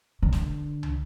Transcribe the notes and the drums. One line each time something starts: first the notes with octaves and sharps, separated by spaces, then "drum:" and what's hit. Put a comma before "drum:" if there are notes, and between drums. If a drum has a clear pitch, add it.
D3
drum: snare
drum: tom